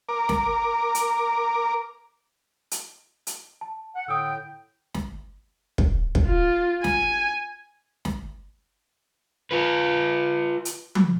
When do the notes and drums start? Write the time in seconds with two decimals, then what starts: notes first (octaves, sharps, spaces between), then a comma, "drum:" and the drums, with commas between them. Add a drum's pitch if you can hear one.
0.09 A#4 D6
0.29 drum: snare
0.95 drum: hi-hat
2.71 drum: hi-hat
3.27 drum: hi-hat
3.61 A5
3.95 F#5
4.08 A2 D3 G5 D#6 E6
4.94 drum: snare
5.78 drum: kick
6.15 drum: kick
6.27 F4
6.84 G#5, drum: snare
8.05 drum: snare
9.51 F4 B4
10.65 drum: hi-hat
10.95 drum: tom F3